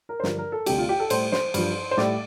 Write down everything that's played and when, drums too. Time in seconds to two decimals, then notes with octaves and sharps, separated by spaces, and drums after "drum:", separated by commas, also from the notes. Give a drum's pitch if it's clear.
0.09 A#4
0.20 C5
0.23 G2 D3 F3 A#4, drum: snare
0.38 A#4
0.52 A4
0.66 D2 C3 G3 G4, drum: cymbal
0.78 F4
0.89 G4
1.00 A4
1.10 A2 G3 C5, drum: cymbal
1.32 C5, drum: snare
1.54 G2 F3, drum: cymbal
1.91 C5
1.97 A2 G3 D5, drum: snare